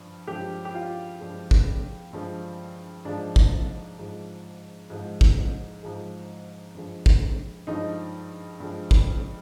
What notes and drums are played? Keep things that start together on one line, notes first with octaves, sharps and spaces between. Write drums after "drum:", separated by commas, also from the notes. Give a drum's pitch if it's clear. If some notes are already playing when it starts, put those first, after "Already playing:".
Already playing: G2 F3
G2 F3 G#3 G4
G4
F4
G2 F3 G#3
drum: kick
G2 F3 G#3
G#2 F3 G#3 D4
drum: kick
G#2 F3 G#3
G#2 F3 G#3
drum: kick
G#2 F3 G#3
G2 F3 G#3
drum: kick
G2 F3 G#3 D#4
G2 F3 G#3
drum: kick